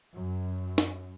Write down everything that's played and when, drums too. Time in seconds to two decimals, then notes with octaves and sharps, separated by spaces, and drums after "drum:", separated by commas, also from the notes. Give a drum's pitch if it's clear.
0.14 F#2
0.78 drum: snare